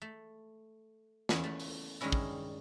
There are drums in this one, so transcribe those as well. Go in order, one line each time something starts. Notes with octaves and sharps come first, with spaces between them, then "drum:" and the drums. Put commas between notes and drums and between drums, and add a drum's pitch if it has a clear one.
A3
E2 C#4 E4 G#5, drum: snare
E2 A3
drum: open hi-hat
G2 D#3 G3 G#3 C#4 E4
drum: kick